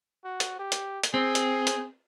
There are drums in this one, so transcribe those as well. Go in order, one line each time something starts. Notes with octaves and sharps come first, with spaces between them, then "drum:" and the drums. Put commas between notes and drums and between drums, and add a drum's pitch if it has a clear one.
F#4
drum: hi-hat
G4
drum: hi-hat
drum: hi-hat
C4 G#4
drum: hi-hat
drum: hi-hat